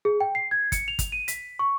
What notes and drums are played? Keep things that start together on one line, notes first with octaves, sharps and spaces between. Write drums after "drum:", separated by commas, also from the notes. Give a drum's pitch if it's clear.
G#4
G5
C7
G#6
C#7, drum: kick, hi-hat
F7
drum: kick, hi-hat
D#7
B6, drum: hi-hat
C#6